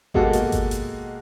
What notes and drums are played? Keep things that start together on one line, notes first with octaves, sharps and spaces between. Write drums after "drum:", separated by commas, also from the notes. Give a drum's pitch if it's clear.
B2 G#3 A#3 F#4 G4 A4, drum: kick G#1
drum: hi-hat
drum: kick G#1, hi-hat
drum: hi-hat